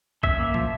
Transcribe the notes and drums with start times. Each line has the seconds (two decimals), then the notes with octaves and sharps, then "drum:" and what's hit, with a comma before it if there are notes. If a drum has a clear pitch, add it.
0.23 C#4 E5, drum: kick
0.39 A#3
0.54 F3, drum: tom